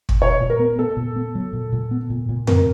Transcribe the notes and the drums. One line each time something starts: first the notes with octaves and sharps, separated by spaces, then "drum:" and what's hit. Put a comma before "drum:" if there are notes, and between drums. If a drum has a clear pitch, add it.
drum: kick
A#2 C#5
A#2
A#4
B3
B3 A4
A#2
B3
F#3
A#2
A#2
B3
A#2
A#2
C4 A#4, drum: tom F2